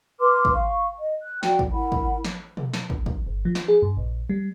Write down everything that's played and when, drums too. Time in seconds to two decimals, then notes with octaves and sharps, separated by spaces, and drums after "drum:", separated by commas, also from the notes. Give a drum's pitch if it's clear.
0.20 B4 C6 D6 F6
0.45 drum: kick
0.55 F5 C#6
0.99 D#5
1.22 F#6
1.43 F#4 D5 G5, drum: snare
1.59 drum: kick
1.72 E4 A#4 F#5 B5
1.92 drum: kick
2.24 drum: snare
2.57 drum: tom B2
2.73 drum: snare
2.90 drum: kick
3.06 drum: kick
3.27 G1
3.45 F3
3.55 drum: snare
3.68 G#4
3.82 G2
3.97 A#1
4.29 G3